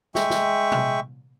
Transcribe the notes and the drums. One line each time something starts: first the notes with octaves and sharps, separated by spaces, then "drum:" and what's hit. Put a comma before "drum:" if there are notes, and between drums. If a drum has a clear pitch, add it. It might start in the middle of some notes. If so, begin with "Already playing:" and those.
G#3 E5 G5 C#6, drum: snare
drum: snare
drum: tom